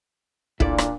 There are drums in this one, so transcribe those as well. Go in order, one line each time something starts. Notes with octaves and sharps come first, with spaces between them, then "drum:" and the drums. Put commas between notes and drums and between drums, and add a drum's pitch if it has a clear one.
A#2 D4 E4 A4 D5, drum: kick
drum: rim click